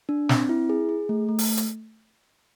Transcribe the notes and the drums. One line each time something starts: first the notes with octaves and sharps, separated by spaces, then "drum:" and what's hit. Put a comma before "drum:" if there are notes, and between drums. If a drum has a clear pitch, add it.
D4
C4, drum: snare
E4
G#4
G#4
A3
A3
drum: open hi-hat
drum: hi-hat